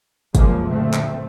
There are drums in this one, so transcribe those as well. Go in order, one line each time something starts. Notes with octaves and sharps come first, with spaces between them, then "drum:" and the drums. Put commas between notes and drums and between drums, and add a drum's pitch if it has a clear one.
F#1 C2 C#3 F3 G#3 A#3, drum: kick, hi-hat
D2 A#2 A3 C4
drum: clap